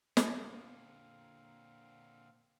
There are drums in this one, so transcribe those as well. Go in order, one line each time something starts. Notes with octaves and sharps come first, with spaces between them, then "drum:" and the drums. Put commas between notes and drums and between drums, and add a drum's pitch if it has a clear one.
A#2 D3 C4 F5, drum: snare